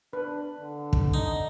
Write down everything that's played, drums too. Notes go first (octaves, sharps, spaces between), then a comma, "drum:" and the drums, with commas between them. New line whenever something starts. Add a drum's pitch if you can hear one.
D4 B4
D3
drum: kick
D#4